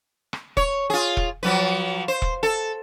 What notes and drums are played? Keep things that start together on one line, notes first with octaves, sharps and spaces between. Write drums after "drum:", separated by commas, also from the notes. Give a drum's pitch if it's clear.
drum: rim click
C#5, drum: kick E1
F4 G#4
drum: kick E1
F3 F#3 B4
C5
drum: kick E1
A4